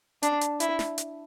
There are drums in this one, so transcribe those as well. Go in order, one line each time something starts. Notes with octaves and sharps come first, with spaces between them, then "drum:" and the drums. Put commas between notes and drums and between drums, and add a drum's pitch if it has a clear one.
D4, drum: hi-hat
drum: hi-hat
E4, drum: hi-hat
drum: snare
drum: hi-hat